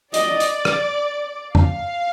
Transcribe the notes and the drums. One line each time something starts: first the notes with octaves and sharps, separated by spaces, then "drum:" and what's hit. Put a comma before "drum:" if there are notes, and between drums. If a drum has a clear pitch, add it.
D5 D#5, drum: hi-hat
drum: hi-hat
drum: rim click
F5, drum: tom F2